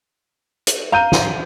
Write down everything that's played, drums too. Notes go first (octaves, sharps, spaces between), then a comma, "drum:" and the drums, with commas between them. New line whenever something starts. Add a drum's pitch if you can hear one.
drum: hi-hat
F5 A#5 G6 D#7
drum: snare